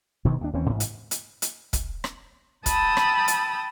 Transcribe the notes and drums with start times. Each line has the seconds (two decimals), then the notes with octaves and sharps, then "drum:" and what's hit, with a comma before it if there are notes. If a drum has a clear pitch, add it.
0.25 F1 D2 B2 D#3
0.41 D#2 D3 D4
0.53 D#2 E3 C4 C#4
0.69 A1 G#2
0.80 drum: hi-hat
1.11 drum: hi-hat
1.42 drum: hi-hat
1.73 drum: kick, hi-hat
2.04 drum: rim click
2.66 G5 A5 B5 D#6 E6, drum: kick, hi-hat
2.97 drum: rim click
3.28 drum: hi-hat